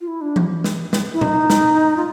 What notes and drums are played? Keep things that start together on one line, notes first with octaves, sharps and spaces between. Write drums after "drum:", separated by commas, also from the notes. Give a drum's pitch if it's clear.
F4
E4
D4
drum: tom E3
drum: snare
drum: snare
E4
D#4, drum: tom A#2
drum: snare
F4